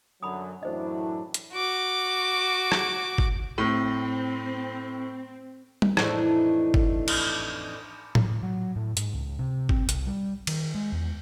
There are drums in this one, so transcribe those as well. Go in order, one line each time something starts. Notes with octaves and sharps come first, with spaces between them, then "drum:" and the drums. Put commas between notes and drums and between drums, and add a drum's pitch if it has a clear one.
F#2 D3 F#3 B5 D#6
F#2 A2 E3 F#3 D4 E4 C5 D#5
drum: hi-hat
F#4 D6
drum: rim click
drum: kick
A2 C4
drum: tom G3
F2 A2 E3 A3 D4 D#4, drum: rim click
drum: kick
drum: cymbal
drum: tom A2
F#3
A2
G#2, drum: hi-hat
C#2
C3
C4, drum: kick
C2, drum: hi-hat
G3
D#3, drum: cymbal
G#3
E2